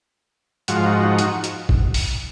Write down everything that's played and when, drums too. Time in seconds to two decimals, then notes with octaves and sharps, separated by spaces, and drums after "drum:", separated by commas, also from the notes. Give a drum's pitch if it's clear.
0.68 G#2 F3 F#4, drum: hi-hat
0.77 F4
0.86 D#4 F#4
1.19 drum: hi-hat
1.44 drum: hi-hat
1.69 drum: kick
1.94 drum: open hi-hat